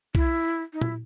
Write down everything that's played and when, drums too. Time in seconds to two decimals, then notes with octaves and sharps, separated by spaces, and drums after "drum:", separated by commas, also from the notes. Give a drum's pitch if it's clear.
0.15 E4, drum: kick B1
0.73 D#4
0.81 E4, drum: tom A#2